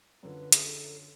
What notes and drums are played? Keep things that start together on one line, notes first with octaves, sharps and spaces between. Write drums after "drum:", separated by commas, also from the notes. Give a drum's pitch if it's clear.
F#2 D3 F3 B4
G#4, drum: hi-hat
A4